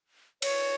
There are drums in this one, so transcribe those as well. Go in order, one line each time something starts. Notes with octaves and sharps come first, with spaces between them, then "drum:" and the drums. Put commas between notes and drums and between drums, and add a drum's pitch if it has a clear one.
C#5, drum: cymbal